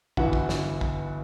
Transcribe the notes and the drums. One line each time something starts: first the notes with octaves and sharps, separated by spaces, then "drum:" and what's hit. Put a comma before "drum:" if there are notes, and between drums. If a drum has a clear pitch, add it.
G1 G2 E3 F#4, drum: kick
drum: kick
drum: snare
drum: kick